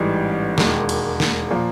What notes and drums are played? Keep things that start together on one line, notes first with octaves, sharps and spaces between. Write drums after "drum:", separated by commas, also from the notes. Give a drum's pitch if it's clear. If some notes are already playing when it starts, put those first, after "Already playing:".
Already playing: A1 G#2 E3 G3
E1 D#2 D#3 G#3, drum: snare
drum: cymbal
drum: snare
A#2 F3 A#3